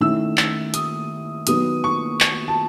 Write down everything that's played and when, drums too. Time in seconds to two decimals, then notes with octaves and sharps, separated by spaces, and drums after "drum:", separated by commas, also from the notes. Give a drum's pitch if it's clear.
0.01 D#3 A3 C#4 E4 E6
0.37 drum: clap
0.74 D#6, drum: hi-hat
1.47 D#3 F#3 B3 D#6, drum: hi-hat
1.84 C#6
2.20 drum: clap
2.48 A5